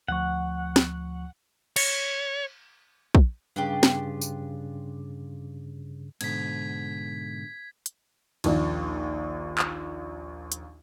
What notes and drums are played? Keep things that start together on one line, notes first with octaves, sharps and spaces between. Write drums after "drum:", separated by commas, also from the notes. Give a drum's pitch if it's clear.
D2 F3 F#5 C#6
drum: snare
C#5, drum: cymbal
drum: kick
G2 C#3 D4 F4 G4
drum: snare
drum: tambourine
G#2 B2 D3 G#6 B6, drum: cymbal
drum: hi-hat
A#1 D#2, drum: cymbal
drum: clap
drum: hi-hat